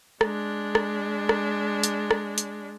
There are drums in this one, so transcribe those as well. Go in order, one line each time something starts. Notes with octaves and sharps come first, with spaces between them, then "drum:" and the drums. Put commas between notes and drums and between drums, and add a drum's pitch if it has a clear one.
G#3 D4, drum: rim click
drum: rim click
drum: rim click
drum: hi-hat
drum: rim click
drum: hi-hat